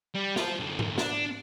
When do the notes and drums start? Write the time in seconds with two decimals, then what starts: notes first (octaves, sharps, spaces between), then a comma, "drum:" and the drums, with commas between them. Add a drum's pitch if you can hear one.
0.15 G3
0.36 F4 C5, drum: snare
0.59 F#2 D3
0.79 drum: tom G#2
0.98 D4, drum: snare